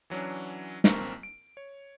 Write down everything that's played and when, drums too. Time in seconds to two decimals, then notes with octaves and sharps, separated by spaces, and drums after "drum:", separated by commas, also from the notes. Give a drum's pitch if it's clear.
0.10 E3 F#3 C#4 D4
0.84 A1 A#3 C4 A#4 A#5 C#6, drum: snare
1.23 D7
1.57 C#5